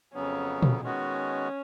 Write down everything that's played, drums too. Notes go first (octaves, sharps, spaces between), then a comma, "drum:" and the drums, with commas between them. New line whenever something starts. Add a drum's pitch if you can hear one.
F2 C#3 F#3 B3 C#4
drum: tom A#2
D#3 G#3 B3 C#4 F#4